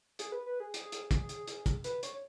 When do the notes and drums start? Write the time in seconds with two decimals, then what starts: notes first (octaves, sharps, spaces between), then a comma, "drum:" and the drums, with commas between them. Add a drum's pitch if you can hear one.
0.19 G#4, drum: hi-hat
0.32 B4
0.46 B4
0.60 G#4
0.74 drum: hi-hat
0.92 drum: hi-hat
1.11 drum: kick, hi-hat
1.29 drum: hi-hat
1.47 drum: hi-hat
1.66 drum: kick, hi-hat
1.84 B4, drum: hi-hat
2.03 C#5, drum: hi-hat